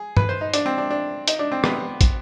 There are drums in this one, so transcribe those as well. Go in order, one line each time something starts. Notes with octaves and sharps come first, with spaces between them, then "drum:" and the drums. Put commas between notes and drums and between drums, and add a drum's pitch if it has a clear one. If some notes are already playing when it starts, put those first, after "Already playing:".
Already playing: G#4
B4, drum: tom
C5
D#4
D4, drum: hi-hat
C4
D4
D4
D#4, drum: hi-hat
D4
C4
B3, drum: rim click
drum: kick, hi-hat